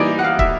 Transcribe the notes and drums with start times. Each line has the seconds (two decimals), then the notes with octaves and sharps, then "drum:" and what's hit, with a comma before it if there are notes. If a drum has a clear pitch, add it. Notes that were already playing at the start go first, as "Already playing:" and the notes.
Already playing: E3 G3 A#3 D#4 D5
0.19 F#5
0.24 F5
0.39 E5, drum: kick